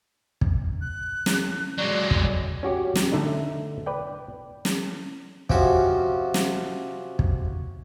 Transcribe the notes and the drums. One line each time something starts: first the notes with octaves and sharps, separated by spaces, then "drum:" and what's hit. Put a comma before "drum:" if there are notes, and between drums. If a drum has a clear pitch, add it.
drum: kick
F#6
drum: snare
F#3 G#3 D5
drum: kick
C#4 F#4 G4 C#5
drum: snare
D3 A3 D4 D#4
B4 D5 G5
drum: snare
C3 F3 C#4 F#4 C#6, drum: kick
drum: snare
drum: kick